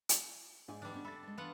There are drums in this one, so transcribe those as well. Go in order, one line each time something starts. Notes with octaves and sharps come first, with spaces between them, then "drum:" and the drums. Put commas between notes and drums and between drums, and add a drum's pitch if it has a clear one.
drum: hi-hat
G#2 D5 G#5
D3 E3 G3 D4
D3 B3 C#4 C5
A4 E5 B5 A6
G#3 C#4
E3 B3 D4 F4 F#5